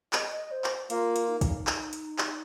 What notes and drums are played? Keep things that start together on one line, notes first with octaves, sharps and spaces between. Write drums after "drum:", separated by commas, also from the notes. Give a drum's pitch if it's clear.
D#5, drum: clap
D#5
C5
drum: clap
A#3 F4, drum: hi-hat
drum: hi-hat
D#4
drum: kick, hi-hat
drum: clap
drum: hi-hat
drum: clap